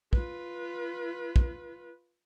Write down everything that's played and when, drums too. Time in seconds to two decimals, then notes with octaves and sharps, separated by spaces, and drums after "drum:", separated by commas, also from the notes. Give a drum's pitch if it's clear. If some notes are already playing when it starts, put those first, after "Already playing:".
0.13 F4 B4, drum: kick
1.36 drum: kick